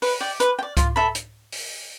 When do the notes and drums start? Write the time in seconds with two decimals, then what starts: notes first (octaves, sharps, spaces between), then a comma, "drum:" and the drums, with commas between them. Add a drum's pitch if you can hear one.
0.02 B4, drum: open hi-hat
0.20 D5 G5
0.40 B4, drum: hi-hat
0.59 G5
0.63 D5
0.77 F4, drum: kick C#2, hi-hat
0.96 A4 E5 B5
1.15 drum: hi-hat
1.52 drum: open hi-hat